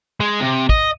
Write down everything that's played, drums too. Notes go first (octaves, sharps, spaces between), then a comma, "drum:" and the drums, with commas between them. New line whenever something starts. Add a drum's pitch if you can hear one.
G#3
C3
D#5, drum: kick